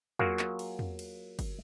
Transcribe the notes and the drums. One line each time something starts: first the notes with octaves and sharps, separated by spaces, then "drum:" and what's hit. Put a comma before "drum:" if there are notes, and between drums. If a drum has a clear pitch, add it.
F#3 A#3 F4 F#4 G#4 A#4, drum: tom E2
drum: clap
drum: cymbal
drum: tom E2
drum: cymbal
drum: kick, cymbal